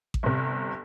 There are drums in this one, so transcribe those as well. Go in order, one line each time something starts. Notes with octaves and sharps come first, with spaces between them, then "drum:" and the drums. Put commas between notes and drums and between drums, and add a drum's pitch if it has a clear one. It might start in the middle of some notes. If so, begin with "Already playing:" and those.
drum: kick A1
G1 C3